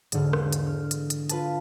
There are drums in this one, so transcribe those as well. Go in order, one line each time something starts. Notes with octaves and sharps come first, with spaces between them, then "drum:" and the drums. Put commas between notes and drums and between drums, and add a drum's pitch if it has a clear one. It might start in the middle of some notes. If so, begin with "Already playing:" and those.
E1 G#2 D3 F6, drum: hi-hat
drum: rim click
drum: hi-hat
F6
drum: hi-hat
drum: hi-hat
F4 B4 A5, drum: hi-hat